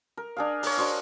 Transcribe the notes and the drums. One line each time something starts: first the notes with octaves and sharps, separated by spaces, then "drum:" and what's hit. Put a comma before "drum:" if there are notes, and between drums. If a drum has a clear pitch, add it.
A#4
D4 G#4 F5
A#4 C#5, drum: open hi-hat
D4 F#4 C5 D#5